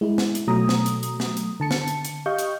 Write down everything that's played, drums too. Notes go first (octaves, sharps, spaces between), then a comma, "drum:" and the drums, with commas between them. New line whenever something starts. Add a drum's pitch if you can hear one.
G#3 E4
drum: snare
drum: hi-hat
B2 F#3 A3 A#5 D#6
drum: snare
drum: hi-hat
drum: hi-hat
drum: snare
drum: hi-hat
D3 A5 C#7
drum: snare
drum: hi-hat
drum: hi-hat
G4 D#5 F5 C#6 G6
drum: hi-hat